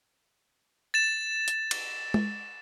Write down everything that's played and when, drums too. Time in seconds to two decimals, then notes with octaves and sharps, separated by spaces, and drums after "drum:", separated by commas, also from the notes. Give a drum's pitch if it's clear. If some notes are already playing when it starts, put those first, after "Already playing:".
0.94 A6 E7
1.48 drum: hi-hat
1.71 drum: cymbal
2.14 drum: tom G#3